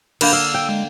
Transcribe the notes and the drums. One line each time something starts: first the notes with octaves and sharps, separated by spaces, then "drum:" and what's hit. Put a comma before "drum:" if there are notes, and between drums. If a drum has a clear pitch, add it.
D3 A#3 A#4 B5 G6, drum: cymbal
F5 E6
G5
G#3